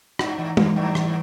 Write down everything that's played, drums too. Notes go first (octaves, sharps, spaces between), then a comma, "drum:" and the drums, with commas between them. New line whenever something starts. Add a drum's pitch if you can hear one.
G#2 D#4, drum: rim click
G#2 E3
G2 E3, drum: tom
G#2 G3
E3, drum: rim click